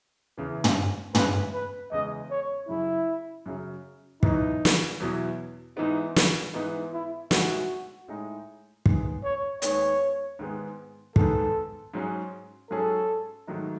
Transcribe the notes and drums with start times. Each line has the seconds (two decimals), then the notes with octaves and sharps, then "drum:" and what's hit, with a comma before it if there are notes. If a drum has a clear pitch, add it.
0.38 E2 C#3 E3
0.64 drum: tom
1.15 E2 C#3 G#3 B4, drum: tom
1.53 B4
1.92 E2 C#3 G#3 D#5
2.31 C#5
2.68 F#2 C#3 F#3 E4
3.46 F#2 C#3 F#3
4.23 E2 B2 F#3 B3 D#4 E4, drum: kick
4.65 drum: snare
5.00 E2 B2 F#3 B3 E4
5.77 G#2 E3 B3 D#4
6.16 drum: snare
6.54 G#2 E3 B3 D#4
6.93 E4
7.31 A2 G#3 D#4 F#4, drum: snare
8.08 A2 G#3 D#4
8.86 D#2 D#3 G#3 B3, drum: kick
9.24 C#5
9.62 D#2 D#3 G#3 B3 C#5, drum: hi-hat
10.39 G#2 D#3 G#3 B3
11.16 G#2 D#3 G#3 B3 A4, drum: kick
11.94 G#2 F#3 C#4 G#4
12.71 G#2 F#3 C#4 G#4 A4
13.47 G#2 D#3 F#3 A3 D#4